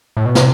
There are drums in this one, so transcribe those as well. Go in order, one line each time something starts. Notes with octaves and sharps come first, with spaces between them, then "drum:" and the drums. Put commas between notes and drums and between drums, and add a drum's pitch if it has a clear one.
A2
B2
C3, drum: snare